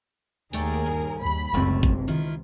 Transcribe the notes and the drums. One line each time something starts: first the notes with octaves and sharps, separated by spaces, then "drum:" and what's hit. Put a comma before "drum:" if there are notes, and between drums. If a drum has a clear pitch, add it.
D#2 A3 G#4 A#4 D5 G5, drum: open hi-hat
G2
D#2 B5
F#1 C#2 F#2 A2 C3 A3 C4
drum: kick G#1
D#3 E4 F4